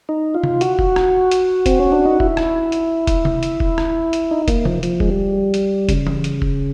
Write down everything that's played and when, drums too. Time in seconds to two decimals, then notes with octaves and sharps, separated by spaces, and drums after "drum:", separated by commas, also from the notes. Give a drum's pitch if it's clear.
0.09 D#4
0.34 F4
0.44 drum: tom C3
0.61 F#4, drum: hi-hat
0.79 drum: kick E1
0.96 drum: rim click
1.31 drum: hi-hat
1.66 C4, drum: kick E1, hi-hat
1.80 C#4
1.92 D4
2.06 D#4
2.20 E4, drum: kick E1
2.37 drum: rim click
2.72 drum: hi-hat
3.07 drum: kick E1, hi-hat
3.25 drum: tom C3
3.43 drum: hi-hat
3.60 drum: kick E1
3.78 drum: rim click
4.13 drum: hi-hat
4.31 D#4
4.48 A#3, drum: kick E1, hi-hat
4.65 F3, drum: tom C3
4.83 F3, drum: hi-hat
5.00 G#3, drum: kick E1
5.10 G3
5.54 drum: hi-hat
5.89 C#3, drum: kick E1, hi-hat
6.07 drum: tom E3
6.24 drum: hi-hat
6.42 drum: kick E1